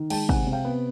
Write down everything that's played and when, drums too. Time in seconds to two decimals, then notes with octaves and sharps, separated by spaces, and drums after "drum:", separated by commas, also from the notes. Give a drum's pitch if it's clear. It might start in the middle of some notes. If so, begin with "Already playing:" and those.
Already playing: D#3
0.10 G#3 G5 A5, drum: cymbal
0.29 C3 F#5 G#5, drum: kick
0.47 C3
0.52 F5 G5
0.65 B3